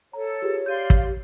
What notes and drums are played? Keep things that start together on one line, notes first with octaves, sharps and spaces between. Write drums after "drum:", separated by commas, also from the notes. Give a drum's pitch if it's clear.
A4 C#5 A#5
F4 G4 G#4 B4
G4 D5 F5 C6 G6 D#7
drum: kick